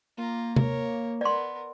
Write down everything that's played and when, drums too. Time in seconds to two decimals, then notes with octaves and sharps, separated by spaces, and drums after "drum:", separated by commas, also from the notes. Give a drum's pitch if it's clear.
0.18 A#3 F4 A#5
0.56 A#4 C#5, drum: tom C3
1.21 B3 A#4 D5 C6